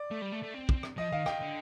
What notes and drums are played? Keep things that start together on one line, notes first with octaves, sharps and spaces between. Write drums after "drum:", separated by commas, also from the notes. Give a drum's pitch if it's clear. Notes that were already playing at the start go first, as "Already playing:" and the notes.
Already playing: D5
A3
G3
A3
A3
C4
drum: kick
drum: rim click
F3 D#5
D#3 F5
D#3 G5, drum: rim click
D3